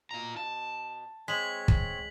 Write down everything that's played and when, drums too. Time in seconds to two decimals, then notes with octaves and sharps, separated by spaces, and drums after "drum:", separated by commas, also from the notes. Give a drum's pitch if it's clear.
0.11 B2 F4 A#5
0.37 A5
1.28 G#3 C4 C#5 B6 F#7
1.68 drum: kick